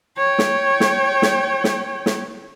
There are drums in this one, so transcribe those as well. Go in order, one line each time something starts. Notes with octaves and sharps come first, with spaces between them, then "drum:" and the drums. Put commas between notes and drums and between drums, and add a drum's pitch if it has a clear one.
C#5 G5
drum: snare
drum: snare
drum: snare
drum: snare
drum: snare